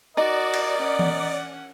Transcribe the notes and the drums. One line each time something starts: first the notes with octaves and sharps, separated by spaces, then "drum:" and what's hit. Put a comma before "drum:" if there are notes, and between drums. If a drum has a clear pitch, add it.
D#4 F#4 A#4 D5 D#5
drum: cymbal
C#4 F#5
drum: tom E3